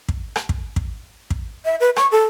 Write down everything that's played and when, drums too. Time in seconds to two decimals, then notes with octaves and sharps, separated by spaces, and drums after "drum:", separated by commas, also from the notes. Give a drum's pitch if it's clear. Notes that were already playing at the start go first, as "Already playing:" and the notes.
0.08 drum: kick
0.36 drum: rim click
0.49 drum: kick
0.76 drum: kick
1.30 drum: kick
1.65 E5
1.80 B4
1.96 C#6, drum: rim click
2.12 A4